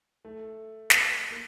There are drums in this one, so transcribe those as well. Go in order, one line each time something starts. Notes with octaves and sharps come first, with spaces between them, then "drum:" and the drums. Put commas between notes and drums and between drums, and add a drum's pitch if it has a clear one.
A3
drum: snare
A#3